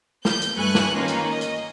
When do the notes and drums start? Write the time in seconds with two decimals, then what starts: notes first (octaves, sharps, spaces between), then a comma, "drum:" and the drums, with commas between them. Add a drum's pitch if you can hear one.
0.25 G6, drum: snare
0.42 drum: hi-hat
0.56 G2 A3 B4 G#5 C#6 F#6
0.75 drum: snare
0.93 D#3 A#3 C#4 D#4 F4
1.08 drum: hi-hat
1.29 D#5
1.41 drum: hi-hat